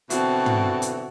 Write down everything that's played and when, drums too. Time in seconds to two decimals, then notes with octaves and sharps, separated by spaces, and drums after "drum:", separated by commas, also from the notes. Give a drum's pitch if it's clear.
0.10 B2 D3 E3 C4 F#4 A5, drum: hi-hat
0.46 drum: tom
0.82 drum: hi-hat